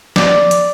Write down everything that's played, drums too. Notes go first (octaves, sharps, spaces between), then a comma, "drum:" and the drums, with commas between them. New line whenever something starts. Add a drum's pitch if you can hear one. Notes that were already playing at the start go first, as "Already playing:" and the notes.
D5, drum: snare
drum: hi-hat